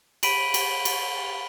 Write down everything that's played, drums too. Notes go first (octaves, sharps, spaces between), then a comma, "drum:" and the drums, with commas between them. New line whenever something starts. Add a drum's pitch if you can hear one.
B5 B6 D7 D#7 F#7, drum: cymbal
drum: cymbal
drum: cymbal